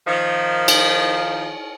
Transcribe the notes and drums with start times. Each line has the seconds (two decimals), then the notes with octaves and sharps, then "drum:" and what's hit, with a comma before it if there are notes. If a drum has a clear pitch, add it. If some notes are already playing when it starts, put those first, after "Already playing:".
0.07 D#3 F3
0.68 drum: cymbal